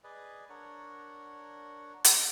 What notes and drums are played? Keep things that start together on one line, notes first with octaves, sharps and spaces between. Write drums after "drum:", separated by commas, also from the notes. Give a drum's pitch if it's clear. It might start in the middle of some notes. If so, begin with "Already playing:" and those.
G#4 B4 D5 D#5
D4 A#4 C#5 F#5
G#3 F#5, drum: hi-hat